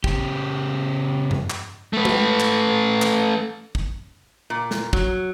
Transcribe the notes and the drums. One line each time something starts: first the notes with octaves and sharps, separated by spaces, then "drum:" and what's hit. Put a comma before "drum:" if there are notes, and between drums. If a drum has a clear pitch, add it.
C#3 G4, drum: kick
drum: tom G2
drum: clap
A3 B4
drum: tom
drum: clap
drum: clap
drum: kick
A#2
drum: snare
F#3, drum: kick